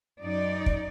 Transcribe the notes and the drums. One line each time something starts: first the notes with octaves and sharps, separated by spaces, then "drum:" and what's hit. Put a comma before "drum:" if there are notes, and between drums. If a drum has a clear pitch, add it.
F#2 D#4 D5
drum: kick